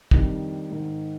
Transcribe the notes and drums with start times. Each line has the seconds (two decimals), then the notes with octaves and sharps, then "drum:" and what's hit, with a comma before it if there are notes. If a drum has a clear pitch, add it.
0.11 F2 D#3 G3 D4, drum: kick
0.70 G#2 D#3 G#3